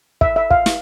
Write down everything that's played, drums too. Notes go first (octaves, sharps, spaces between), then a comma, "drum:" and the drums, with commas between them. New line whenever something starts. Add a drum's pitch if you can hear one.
E5, drum: kick
E5
F5, drum: kick
drum: snare